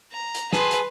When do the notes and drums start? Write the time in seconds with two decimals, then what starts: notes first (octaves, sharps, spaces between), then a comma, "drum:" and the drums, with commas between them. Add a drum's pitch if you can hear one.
0.12 A#5
0.34 drum: hi-hat
0.53 G#4 B4 G#5 A5 C6, drum: snare
0.71 drum: hi-hat